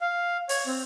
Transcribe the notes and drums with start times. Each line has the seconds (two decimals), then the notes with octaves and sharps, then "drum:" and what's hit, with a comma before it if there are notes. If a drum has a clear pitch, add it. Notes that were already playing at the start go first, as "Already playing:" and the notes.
0.01 F5
0.49 C#5, drum: open hi-hat
0.67 C4